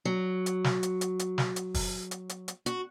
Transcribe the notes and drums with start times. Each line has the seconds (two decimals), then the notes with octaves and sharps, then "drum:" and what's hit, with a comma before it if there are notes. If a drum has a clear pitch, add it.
0.05 F#3
0.46 drum: hi-hat
0.64 drum: snare
0.83 drum: hi-hat
1.01 drum: hi-hat
1.19 drum: hi-hat
1.38 drum: snare
1.56 drum: hi-hat
1.74 drum: kick, open hi-hat
2.11 drum: hi-hat
2.29 drum: hi-hat
2.48 drum: hi-hat
2.66 F#4, drum: hi-hat